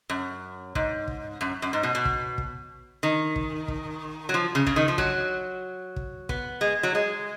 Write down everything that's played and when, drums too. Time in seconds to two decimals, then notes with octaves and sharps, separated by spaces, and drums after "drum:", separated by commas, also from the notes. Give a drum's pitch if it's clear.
0.10 F#2
0.75 G#2, drum: kick
1.08 drum: kick
1.41 F#2
1.62 F#2
1.73 G#2
1.83 B2
1.95 B2
2.05 drum: kick
2.38 drum: kick
3.03 D#3
3.36 drum: kick
3.68 drum: kick
4.29 F#3
4.34 F3
4.55 C#3
4.67 C#3, drum: kick
4.76 D#3
4.88 F3
4.98 F#3, drum: kick
5.96 drum: kick
6.29 B3, drum: kick
6.61 G#3
6.83 F#3
6.95 G#3